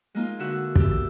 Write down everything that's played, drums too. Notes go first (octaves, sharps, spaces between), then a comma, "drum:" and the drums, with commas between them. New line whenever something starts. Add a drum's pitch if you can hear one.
G#3 A#3 D#4 F4
D3 F#4 E5 F#5 F#6
G4 E6, drum: kick